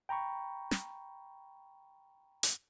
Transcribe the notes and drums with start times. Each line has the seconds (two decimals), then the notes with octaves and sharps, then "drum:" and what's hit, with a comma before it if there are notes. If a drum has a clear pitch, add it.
0.09 G5 A#5 B5 C#6
0.71 drum: snare
2.43 drum: hi-hat